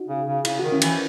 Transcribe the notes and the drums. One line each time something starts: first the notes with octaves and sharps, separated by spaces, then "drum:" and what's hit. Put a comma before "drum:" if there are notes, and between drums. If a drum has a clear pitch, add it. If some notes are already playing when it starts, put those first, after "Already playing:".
Already playing: D#4 F#4
C#3
C#3
C#3 E4, drum: cymbal
D#3 F#4
C#4 E4
E3, drum: cymbal